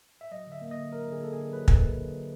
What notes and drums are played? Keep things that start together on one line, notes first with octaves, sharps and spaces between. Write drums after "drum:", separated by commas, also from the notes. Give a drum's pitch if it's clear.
E5
F#3 D#5
D3 E5
A#3
D#5
D3
F#3 A#4
D3 G#4
A#3 A4
D3 G#4
F#3 B4
D3, drum: kick
A#3
D3
F#3